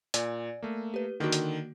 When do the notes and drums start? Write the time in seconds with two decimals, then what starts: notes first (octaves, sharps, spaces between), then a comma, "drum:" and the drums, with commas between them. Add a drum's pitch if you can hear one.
0.14 A#2 D5 G#5, drum: hi-hat
0.62 A3 A#3
0.94 G4 B4
1.20 D3 D#3 A#3 F#4
1.32 drum: hi-hat